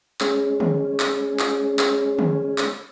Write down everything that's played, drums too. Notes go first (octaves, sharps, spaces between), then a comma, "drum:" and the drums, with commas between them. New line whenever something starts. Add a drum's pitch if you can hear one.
G#3 C#4, drum: clap
drum: tom
drum: clap
drum: clap
drum: clap
drum: tom
drum: clap